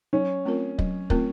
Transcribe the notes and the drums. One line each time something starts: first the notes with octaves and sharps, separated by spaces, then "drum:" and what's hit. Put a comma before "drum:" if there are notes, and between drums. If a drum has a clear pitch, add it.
F#3 C#4
A3 C4 F4 A#4
F#3, drum: kick
A3 C4 F4 A#4, drum: kick